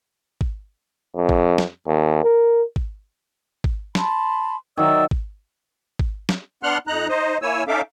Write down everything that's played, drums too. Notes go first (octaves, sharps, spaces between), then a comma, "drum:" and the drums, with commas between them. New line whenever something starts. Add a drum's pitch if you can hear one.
drum: kick G#1
F2
drum: kick G#1
drum: snare
D#2
A#4
drum: kick G#1
drum: kick G#1
A5 B5 C6, drum: snare
D#3 F#3 D5 E5 E6
drum: kick G#1
drum: kick G#1
drum: snare
B3 D4 F#5 C6 F6 F#6
F2 D#4 A#5 F#6
D#4 C5 D#5
A#3 E4 C#5 G#5 E6
C#4 D#4 A4 E5 F5 D6